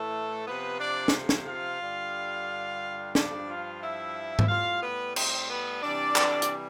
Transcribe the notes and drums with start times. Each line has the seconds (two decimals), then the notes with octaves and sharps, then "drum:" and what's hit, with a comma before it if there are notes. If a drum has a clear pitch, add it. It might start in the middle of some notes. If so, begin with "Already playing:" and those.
Already playing: A2 E3 A3 A4
0.47 C3 F3 B3 B4
0.80 D4 D5
1.08 drum: snare
1.29 drum: snare
1.47 F4 F5
1.80 G2 D3 G3
3.15 G2 F3 D4 D5, drum: snare
3.48 F4 F5
3.82 E4 E5
4.39 drum: tom G#2
4.49 A2 G3 F4 F5
4.83 B3 B4
5.16 C4 C5, drum: cymbal
5.49 B3 B4
5.83 C3 E3 G3 D4 D5
6.16 drum: clap
6.42 drum: hi-hat